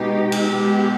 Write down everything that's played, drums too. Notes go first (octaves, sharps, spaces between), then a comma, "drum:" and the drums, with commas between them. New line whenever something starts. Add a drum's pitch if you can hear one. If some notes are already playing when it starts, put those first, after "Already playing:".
Already playing: B2 G#3 D#4 G4
drum: cymbal
B2 G#3 B3 G4